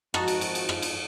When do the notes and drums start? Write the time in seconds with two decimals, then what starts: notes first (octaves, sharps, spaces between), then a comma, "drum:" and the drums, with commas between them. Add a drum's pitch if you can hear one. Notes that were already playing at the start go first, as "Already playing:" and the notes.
0.14 G#1 F3 D#4 F#4 A5 D#6, drum: rim click
0.28 drum: cymbal
0.41 drum: cymbal
0.55 drum: cymbal
0.69 drum: rim click
0.82 drum: cymbal